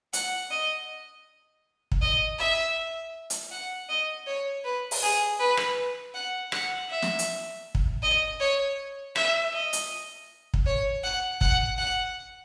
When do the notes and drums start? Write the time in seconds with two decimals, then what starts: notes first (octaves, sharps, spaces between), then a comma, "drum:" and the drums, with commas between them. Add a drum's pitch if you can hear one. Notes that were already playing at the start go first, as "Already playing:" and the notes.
0.13 F#5, drum: hi-hat
0.50 D#5
1.92 drum: kick
2.01 D#5
2.39 E5
3.30 drum: hi-hat
3.51 F#5
3.89 D#5
4.27 C#5
4.64 B4
4.91 drum: open hi-hat
5.02 G#4
5.40 B4
5.57 drum: rim click
6.14 F#5
6.52 F#5, drum: rim click
6.90 E5
7.02 drum: snare
7.19 drum: hi-hat
7.75 drum: kick
8.02 D#5
8.40 C#5
9.16 E5, drum: rim click
9.53 D#5
9.73 drum: hi-hat
10.54 drum: kick
10.66 C#5
11.04 F#5
11.41 F#5, drum: kick
11.78 F#5